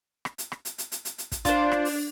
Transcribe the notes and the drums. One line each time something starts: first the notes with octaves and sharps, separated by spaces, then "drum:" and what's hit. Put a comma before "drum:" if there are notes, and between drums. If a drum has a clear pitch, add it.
drum: rim click
drum: hi-hat
drum: rim click
drum: hi-hat
drum: hi-hat
drum: hi-hat
drum: hi-hat
drum: hi-hat
drum: kick, hi-hat
D4 F4 C5, drum: kick, hi-hat
drum: rim click
drum: open hi-hat